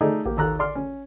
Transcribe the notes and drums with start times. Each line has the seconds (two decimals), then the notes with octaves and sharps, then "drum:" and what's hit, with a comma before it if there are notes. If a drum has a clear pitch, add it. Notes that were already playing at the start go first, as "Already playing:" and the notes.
0.01 A3 D#4 G#4 D5 D#5
0.25 A#3 G4, drum: kick A1
0.37 D#2 A4 A#5 F#6
0.59 D5 C6 F6
0.75 C#4